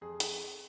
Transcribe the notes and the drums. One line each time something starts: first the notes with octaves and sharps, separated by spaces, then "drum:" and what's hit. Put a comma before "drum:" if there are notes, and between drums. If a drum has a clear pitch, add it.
F2 G#4
drum: hi-hat